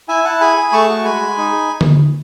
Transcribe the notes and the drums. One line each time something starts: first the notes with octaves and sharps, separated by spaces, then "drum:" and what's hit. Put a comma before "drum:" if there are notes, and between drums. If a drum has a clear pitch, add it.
E4 E5 G#5
E4 F#5 A5
G#4 G#5 B5
G#4
A3 A5 C#6
F#4
G#3 G#5 B5
G#3
D#4
drum: tom D3